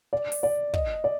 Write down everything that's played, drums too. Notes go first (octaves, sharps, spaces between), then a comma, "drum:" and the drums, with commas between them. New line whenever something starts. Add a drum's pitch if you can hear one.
D5
drum: open hi-hat
D5
D#5, drum: kick
D5